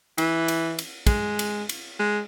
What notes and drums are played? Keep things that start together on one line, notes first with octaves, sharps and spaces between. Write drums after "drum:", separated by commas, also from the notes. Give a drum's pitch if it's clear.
E3, drum: cymbal
drum: cymbal
drum: cymbal
G#3, drum: kick, cymbal
drum: cymbal
drum: cymbal
G#3